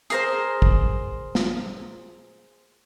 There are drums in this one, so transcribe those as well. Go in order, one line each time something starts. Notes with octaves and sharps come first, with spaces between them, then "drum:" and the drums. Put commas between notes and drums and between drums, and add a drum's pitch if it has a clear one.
G#4 A#4 C5, drum: hi-hat
drum: kick
drum: snare